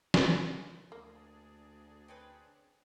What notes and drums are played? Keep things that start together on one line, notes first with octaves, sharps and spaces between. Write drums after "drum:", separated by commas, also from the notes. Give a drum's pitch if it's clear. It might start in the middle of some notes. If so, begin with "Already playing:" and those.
drum: snare
D2 A#3 D4 G#4
C4 C#4 B4